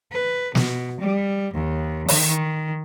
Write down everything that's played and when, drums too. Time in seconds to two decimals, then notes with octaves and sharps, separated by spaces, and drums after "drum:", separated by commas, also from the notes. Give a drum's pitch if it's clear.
0.12 B4
0.55 B2, drum: snare
1.00 G3
1.54 D#2
2.08 D#3, drum: open hi-hat